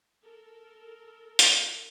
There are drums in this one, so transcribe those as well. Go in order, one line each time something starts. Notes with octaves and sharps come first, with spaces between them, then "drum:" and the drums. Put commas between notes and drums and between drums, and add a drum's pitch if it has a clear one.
A4 A#4
drum: hi-hat